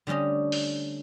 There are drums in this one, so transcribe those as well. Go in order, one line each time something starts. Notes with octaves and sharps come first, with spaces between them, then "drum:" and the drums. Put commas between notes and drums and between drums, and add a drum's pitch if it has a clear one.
D3 G3 A3 C#4 D#5
drum: open hi-hat